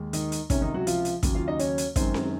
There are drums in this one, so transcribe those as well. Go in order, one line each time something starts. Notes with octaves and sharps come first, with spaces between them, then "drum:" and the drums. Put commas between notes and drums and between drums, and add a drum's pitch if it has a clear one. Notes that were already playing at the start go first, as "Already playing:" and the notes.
Already playing: D#2 G#3
D#3 D#4, drum: hi-hat
drum: hi-hat
C#2 C3 D#3 C#4, drum: kick, hi-hat
D#3 D#4
F#3 F#4
F3 F4, drum: hi-hat
drum: hi-hat
D#2 C#3 F#3, drum: kick, hi-hat
F4 F5
D#4 D#5
C#4 C#5, drum: hi-hat
drum: hi-hat
F#2 D#3 G#3 C4 C5, drum: kick, hi-hat
drum: snare C4